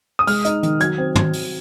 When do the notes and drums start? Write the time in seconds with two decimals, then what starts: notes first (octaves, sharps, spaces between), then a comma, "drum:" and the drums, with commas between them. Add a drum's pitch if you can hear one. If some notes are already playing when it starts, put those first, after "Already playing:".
0.19 D#6
0.27 G#3 F6, drum: open hi-hat
0.45 D#4, drum: hi-hat
0.63 D#3, drum: hi-hat
0.80 F#3 G#6, drum: hi-hat
0.98 C4
1.15 drum: tom
1.33 drum: open hi-hat